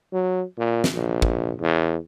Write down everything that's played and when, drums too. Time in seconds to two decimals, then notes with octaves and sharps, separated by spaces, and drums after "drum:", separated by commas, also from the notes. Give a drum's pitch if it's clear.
0.13 F#3
0.58 A#2
0.84 drum: snare
0.94 A#1
1.22 drum: kick
1.61 E2